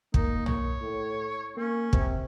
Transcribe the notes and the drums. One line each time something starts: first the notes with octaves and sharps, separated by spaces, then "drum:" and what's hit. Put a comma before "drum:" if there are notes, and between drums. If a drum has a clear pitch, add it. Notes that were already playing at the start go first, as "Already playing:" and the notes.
A#3 D#4, drum: kick
C#5, drum: tom
A2
A#3 C#4
C3, drum: kick